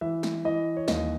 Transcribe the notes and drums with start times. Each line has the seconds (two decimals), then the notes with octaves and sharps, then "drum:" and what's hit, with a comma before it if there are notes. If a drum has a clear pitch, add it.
0.01 E3 E5
0.23 drum: snare
0.45 E3 D#5
0.77 C#5
0.88 D#2 D#5, drum: snare